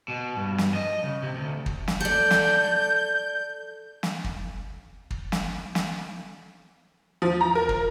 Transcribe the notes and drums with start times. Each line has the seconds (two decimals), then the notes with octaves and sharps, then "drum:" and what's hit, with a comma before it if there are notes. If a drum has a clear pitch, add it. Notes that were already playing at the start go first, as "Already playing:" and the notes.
0.08 B2
0.37 G2
0.58 drum: snare
0.75 D#5
1.03 C#3
1.22 C3
1.35 D2
1.66 drum: kick
1.88 drum: snare
2.00 A4 D5 G6
2.31 drum: snare
4.03 drum: snare
4.24 drum: kick
5.11 drum: kick
5.32 drum: snare
5.75 drum: snare
7.22 F3
7.41 A#5
7.55 A#4
7.69 drum: kick